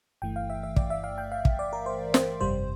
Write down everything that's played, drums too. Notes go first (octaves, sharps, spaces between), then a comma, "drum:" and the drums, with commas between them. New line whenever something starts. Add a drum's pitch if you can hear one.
G1 G2 E3 A3 G5
F5
E5
E5
D5, drum: kick
E5
F5
G5
F5
drum: kick
D5
A#4
C5
C5, drum: snare
G1 F2 C3 G3 C5